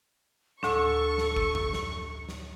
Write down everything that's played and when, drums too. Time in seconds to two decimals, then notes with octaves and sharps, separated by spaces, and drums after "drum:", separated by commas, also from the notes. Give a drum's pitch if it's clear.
0.63 D2 A2 D4 A4 C#6, drum: snare
1.18 drum: snare
1.36 drum: kick G#1
1.55 drum: tom F2
1.73 drum: snare
2.29 drum: snare